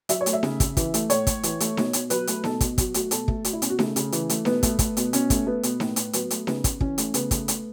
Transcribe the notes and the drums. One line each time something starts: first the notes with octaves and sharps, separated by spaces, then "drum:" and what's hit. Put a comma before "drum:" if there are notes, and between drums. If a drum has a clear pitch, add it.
F#3 E5, drum: hi-hat
C#5
A3, drum: hi-hat
E5
C#3, drum: snare D#4
C#3, drum: kick, hi-hat
E3, drum: kick, hi-hat
A3, drum: hi-hat
A2 C#5, drum: hi-hat
A2, drum: kick, hi-hat
E3, drum: hi-hat
A3, drum: hi-hat
B2, drum: snare D#4
B2, drum: hi-hat
F#3 B4, drum: hi-hat
A3, drum: hi-hat
B2 A4, drum: snare D#4
B2, drum: kick, hi-hat
F#3 F#4, drum: kick, hi-hat
A3 F#4, drum: hi-hat
B2 A4, drum: hi-hat
A3, drum: kick
A3 F#4, drum: hi-hat
E4
B2 C#4, drum: hi-hat
F#4
C#3 A3, drum: snare D#4
C#3, drum: hi-hat
E3, drum: hi-hat
A3, drum: hi-hat
B2 B3, drum: snare D#4
A3, drum: kick, hi-hat
A3, drum: kick, hi-hat
B2, drum: hi-hat
B2 C#4, drum: hi-hat
A3, drum: kick, hi-hat
A3 B3
B2, drum: hi-hat
A2, drum: snare D#4
A2, drum: hi-hat
F#3 B3, drum: hi-hat
A3, drum: hi-hat
C#3 B3, drum: snare D#4
C#3, drum: kick, hi-hat
E3 C#4, drum: kick
A3, drum: hi-hat
C#3 B3, drum: hi-hat
A3, drum: kick, hi-hat
A3, drum: hi-hat